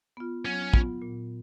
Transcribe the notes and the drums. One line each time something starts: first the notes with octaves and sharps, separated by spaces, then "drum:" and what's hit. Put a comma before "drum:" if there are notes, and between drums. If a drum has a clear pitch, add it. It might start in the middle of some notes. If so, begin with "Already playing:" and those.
B3 F4
F#3 C#4
B3 F4, drum: kick
A#2